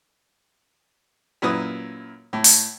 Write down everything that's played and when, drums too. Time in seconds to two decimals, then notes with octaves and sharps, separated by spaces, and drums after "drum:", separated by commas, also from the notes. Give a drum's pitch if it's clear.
1.42 F#2 A#2 E4 B4 D#6
2.33 A2
2.44 drum: open hi-hat